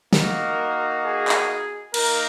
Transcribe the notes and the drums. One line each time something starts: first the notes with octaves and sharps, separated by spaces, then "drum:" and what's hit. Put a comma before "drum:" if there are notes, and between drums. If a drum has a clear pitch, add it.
A#3 D#4 F#4 A#4, drum: snare
G#4
drum: clap
A#3 D#4 A#4, drum: cymbal